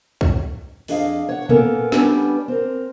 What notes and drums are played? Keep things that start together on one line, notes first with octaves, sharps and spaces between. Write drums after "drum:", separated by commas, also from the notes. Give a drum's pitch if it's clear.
drum: kick C2
F2 D4 G#4 D#5 F5, drum: open hi-hat
C#5 F#5
A#3 B3 C#4 A4 A#4, drum: tom A#2
G3 B3 C#4 D4, drum: snare
C4 A#4